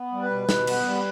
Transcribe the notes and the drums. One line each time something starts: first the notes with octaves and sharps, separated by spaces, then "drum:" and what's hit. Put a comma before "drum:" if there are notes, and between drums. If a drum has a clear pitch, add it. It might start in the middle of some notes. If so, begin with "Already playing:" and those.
Already playing: B3
G3
B4
B2
B2, drum: snare
B3, drum: cymbal
G3